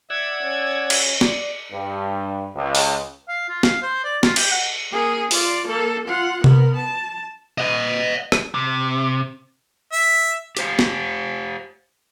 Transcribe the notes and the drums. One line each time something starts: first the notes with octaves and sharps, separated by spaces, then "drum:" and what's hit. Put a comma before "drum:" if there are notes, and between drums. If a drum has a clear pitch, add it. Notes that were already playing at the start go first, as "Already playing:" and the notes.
D5 E5 F#5 E6 G#6
C#4
drum: cymbal
D5, drum: snare
G2
C#2
drum: open hi-hat
F5
F4
F5, drum: snare
C5
D5
F4, drum: snare
G4, drum: cymbal
F#5
A#3 G#4
F4 D5, drum: open hi-hat
A#3 A4
F4 F#5
B3 A#4, drum: tom C3
A5
D#5 F#5
drum: rim click
C3
E5
G4 C5 F5, drum: hi-hat
drum: snare